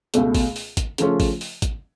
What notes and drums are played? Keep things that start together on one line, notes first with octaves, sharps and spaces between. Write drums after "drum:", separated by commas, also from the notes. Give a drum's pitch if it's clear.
C#2 B2 A3, drum: hi-hat
drum: kick, open hi-hat
drum: open hi-hat
drum: kick, hi-hat
C#3 F3 A3 C#4 F4, drum: hi-hat
drum: kick, open hi-hat
drum: open hi-hat
drum: kick, hi-hat